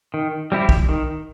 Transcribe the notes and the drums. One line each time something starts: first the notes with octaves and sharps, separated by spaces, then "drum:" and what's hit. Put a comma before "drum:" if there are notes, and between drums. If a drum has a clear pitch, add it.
D#3
G3 C4 E4 G4
drum: kick
D#3